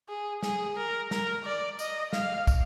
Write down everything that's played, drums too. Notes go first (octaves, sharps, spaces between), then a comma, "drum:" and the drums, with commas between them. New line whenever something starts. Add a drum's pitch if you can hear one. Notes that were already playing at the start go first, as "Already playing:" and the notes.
G#4
G#4, drum: snare
A#4
A#4, drum: snare
D5
D#5, drum: tambourine
F5, drum: snare
drum: kick, tambourine